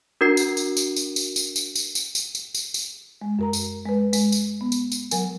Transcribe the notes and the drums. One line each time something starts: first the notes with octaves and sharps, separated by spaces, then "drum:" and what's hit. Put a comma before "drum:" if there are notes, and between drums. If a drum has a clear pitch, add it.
D4 F#4 A#4 G#6 C7
drum: tambourine
drum: tambourine
drum: tambourine
drum: tambourine
drum: tambourine
drum: tambourine
drum: tambourine
drum: tambourine
drum: tambourine
drum: tambourine
drum: tambourine
drum: tambourine
drum: tambourine
G#3
F#2 A#4 A#5
drum: tambourine
G#3 B4
G#3, drum: tambourine
drum: tambourine
B3
drum: tambourine
drum: tambourine
F#3 A#4 G#5, drum: tambourine